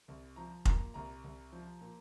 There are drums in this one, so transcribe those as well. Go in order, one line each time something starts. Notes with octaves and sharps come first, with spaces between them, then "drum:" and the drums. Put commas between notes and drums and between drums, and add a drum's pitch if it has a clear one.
C2
F3 A#5
A#2 A#5, drum: kick
C2 A#5
C2
F3
A#2